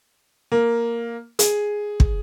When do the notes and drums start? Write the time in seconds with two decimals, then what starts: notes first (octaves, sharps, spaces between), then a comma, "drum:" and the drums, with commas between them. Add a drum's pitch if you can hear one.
0.52 A#3
1.39 G#4, drum: hi-hat
2.00 drum: kick